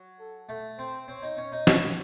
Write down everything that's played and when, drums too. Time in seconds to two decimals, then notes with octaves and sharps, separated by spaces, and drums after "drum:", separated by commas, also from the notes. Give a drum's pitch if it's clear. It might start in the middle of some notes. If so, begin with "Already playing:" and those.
Already playing: F#3
0.20 A4
0.49 A3 A4
0.78 C4 C5
1.08 C4 C#5
1.22 D#4
1.37 C#4 C#5
1.52 D#4
1.67 C#4 C#5, drum: snare
1.82 C#4